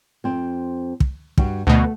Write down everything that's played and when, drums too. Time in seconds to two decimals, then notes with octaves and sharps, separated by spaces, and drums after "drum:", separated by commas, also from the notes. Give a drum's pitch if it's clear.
0.24 F2 C4
1.00 drum: kick
1.38 G2 F#4, drum: kick
1.67 D2 B2 A3 F#5